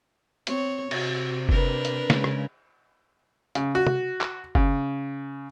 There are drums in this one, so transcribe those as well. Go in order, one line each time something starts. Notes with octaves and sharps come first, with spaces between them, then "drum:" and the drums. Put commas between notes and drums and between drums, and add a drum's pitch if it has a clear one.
C4 C#5, drum: hi-hat
C3 F#4, drum: cymbal
D4 A#4 B4, drum: kick F#1
drum: hi-hat
C#3 G#3, drum: snare
drum: rim click
C#3, drum: hi-hat
F#4
drum: tom
drum: clap
C#3, drum: kick F#1